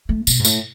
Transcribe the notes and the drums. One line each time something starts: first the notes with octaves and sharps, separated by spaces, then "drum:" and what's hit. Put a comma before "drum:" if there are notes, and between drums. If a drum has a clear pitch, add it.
A3
B2, drum: tambourine
G#2
A2, drum: tambourine